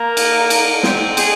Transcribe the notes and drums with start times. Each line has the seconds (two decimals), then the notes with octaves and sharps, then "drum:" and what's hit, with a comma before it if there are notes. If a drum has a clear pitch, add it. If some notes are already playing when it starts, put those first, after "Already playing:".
Already playing: A#3
0.17 drum: cymbal
0.50 drum: cymbal
0.83 C4, drum: snare
1.17 G#4, drum: cymbal